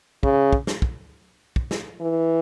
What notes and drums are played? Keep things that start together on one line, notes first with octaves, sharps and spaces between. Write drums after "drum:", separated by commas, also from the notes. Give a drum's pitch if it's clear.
C#3, drum: kick
drum: kick
drum: snare
drum: kick
drum: kick
drum: snare
E3